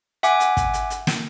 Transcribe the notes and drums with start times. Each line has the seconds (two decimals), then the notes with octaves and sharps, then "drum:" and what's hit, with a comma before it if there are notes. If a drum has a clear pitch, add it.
0.23 E5 F#5 G#5 D6, drum: hi-hat
0.40 drum: hi-hat
0.57 drum: kick, hi-hat
0.74 drum: hi-hat
0.90 drum: hi-hat
1.07 drum: snare